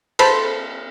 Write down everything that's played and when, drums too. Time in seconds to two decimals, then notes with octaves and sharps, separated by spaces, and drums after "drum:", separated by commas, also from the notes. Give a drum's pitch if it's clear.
0.19 A4 B4 C5 A5 B5 C6, drum: cymbal